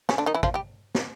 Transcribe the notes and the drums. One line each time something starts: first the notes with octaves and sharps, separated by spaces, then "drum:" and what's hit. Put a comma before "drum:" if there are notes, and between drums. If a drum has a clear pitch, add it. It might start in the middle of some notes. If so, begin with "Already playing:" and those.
C#3 C#4, drum: snare
D3 D4
D#3 D#4
E3 E4
F3 F4, drum: kick
G3 G4
drum: snare